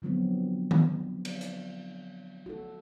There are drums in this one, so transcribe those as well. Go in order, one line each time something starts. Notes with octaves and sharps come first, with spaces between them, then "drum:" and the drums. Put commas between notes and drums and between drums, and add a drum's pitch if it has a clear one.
D3 F3 F#3 B3 C4
drum: tom D#3
drum: cymbal
drum: hi-hat
F#4 A4